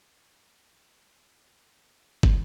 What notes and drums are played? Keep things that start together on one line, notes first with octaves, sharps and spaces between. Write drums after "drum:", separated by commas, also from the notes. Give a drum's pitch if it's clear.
G2 A5 A#5
drum: kick